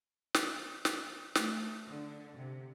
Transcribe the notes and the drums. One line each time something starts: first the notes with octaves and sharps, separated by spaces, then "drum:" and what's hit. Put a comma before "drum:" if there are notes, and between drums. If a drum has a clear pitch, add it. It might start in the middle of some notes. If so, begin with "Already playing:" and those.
drum: snare
drum: snare
A3, drum: snare
D3
C3